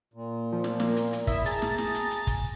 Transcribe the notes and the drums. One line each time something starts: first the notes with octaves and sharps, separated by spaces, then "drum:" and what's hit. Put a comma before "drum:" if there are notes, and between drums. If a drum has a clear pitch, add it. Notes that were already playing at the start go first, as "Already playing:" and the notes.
A#2
F3
drum: snare
A#3, drum: snare
drum: hi-hat
drum: hi-hat
E4 D#5 E5, drum: kick, hi-hat
G#4 A5 A#5 A6, drum: hi-hat
drum: snare
drum: snare
drum: hi-hat
drum: hi-hat
drum: kick, hi-hat